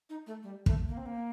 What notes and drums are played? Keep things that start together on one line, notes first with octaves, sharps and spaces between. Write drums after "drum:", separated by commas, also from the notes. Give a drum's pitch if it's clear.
D#4
A3
G3
A3, drum: kick
A#3
C4
A#3